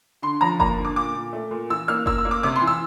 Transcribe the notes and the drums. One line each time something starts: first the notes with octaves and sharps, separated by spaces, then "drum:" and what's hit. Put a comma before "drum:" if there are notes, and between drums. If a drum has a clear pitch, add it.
D3 C6
F3 A#5
A#3 A#5, drum: kick F#1
D3
D6
A#2 D6
A#2
A3
A#2
E3 E6
A#3 F6
A#3 E6, drum: kick F#1
E6
A#3
D6
C3 D6
C6
E3
E6